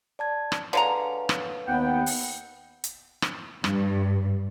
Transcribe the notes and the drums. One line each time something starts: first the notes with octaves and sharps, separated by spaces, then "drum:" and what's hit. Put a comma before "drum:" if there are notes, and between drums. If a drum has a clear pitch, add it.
D5 A5 G#6
drum: rim click
D3 G#3 B4 C#5 F5 A#5
drum: rim click
D#2 B3 F#5 G5
drum: open hi-hat
drum: hi-hat
drum: rim click
G2, drum: rim click